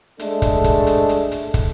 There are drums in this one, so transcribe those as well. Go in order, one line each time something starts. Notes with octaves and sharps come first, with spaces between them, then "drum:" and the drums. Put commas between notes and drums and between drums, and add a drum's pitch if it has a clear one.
G#3 A3 D4 A4, drum: hi-hat
drum: kick, hi-hat
drum: kick, hi-hat
drum: hi-hat
drum: hi-hat
drum: hi-hat
drum: kick, hi-hat